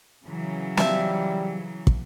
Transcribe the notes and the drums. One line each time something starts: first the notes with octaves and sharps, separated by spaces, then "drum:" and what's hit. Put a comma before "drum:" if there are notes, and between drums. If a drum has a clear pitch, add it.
C#3 E3 F#3
F3 G3 E5, drum: snare
drum: kick